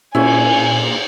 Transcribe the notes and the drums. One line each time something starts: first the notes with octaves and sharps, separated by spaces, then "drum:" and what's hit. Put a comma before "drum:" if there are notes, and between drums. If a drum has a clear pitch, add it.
A#2 C#4 E4 G#5, drum: cymbal